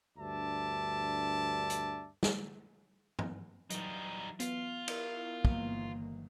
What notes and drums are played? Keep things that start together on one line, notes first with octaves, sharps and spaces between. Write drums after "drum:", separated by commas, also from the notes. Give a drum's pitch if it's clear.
D2 G2 D5 E5 A5
drum: hi-hat
drum: snare
drum: tom G2
E3 F#3 G3 D#4, drum: hi-hat
B3 F4, drum: hi-hat
E4 A#4, drum: cymbal
G1 D#3 E3 F#3 A#3, drum: kick